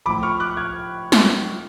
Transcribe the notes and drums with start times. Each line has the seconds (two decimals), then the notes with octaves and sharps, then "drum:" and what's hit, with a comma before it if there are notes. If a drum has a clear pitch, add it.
0.06 A2 F3 B5 D6
0.23 C#6 F6
0.40 D6 F#6
0.57 F6 G#6
1.12 drum: snare